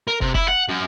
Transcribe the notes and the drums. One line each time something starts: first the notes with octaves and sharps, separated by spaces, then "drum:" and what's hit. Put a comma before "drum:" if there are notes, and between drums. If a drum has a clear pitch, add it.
A#4
C3, drum: kick
E4, drum: kick
F#5
F#2